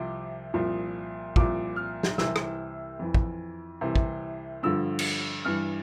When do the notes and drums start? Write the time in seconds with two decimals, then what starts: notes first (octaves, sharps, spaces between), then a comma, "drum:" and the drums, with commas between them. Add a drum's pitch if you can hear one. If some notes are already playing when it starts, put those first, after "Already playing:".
Already playing: C2 C3 F3 D6
0.54 C2 A#2 F3
1.36 C2 A#2 F3 D6, drum: kick
1.76 F6
2.03 drum: snare
2.18 C2 C3 E3 E6, drum: snare
2.36 drum: rim click
2.99 F2 E3
3.14 drum: kick
3.81 C2 C3 E3
3.96 drum: kick
4.63 G2 D3 F3 E6
4.99 drum: cymbal
5.45 G2 E3 F6